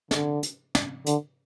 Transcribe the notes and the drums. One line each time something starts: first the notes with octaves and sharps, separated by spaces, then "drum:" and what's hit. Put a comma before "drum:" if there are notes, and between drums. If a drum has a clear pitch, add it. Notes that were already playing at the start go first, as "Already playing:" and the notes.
D3, drum: snare
drum: hi-hat
drum: snare
D3, drum: hi-hat